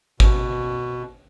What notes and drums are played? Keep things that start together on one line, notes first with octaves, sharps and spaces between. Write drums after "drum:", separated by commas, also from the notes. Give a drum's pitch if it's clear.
B2, drum: kick G#1